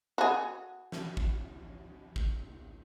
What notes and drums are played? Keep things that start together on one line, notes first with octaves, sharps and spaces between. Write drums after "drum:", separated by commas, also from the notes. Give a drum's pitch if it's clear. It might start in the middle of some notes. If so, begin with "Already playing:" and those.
F#4 G#4
drum: snare
drum: kick
drum: kick